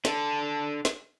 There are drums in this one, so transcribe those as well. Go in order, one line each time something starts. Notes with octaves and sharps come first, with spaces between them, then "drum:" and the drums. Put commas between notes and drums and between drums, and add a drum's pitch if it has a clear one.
D4 A4, drum: snare
drum: snare